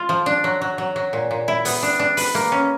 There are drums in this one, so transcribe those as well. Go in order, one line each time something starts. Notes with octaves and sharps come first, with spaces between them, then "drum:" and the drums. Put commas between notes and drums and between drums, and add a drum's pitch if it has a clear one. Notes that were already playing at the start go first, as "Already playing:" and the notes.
Already playing: F4
F3
D4
F#3
F#3
F#3
F#3
A#2
A#2
E4
B3, drum: open hi-hat
D4
D4
B4, drum: open hi-hat
A#3
C#4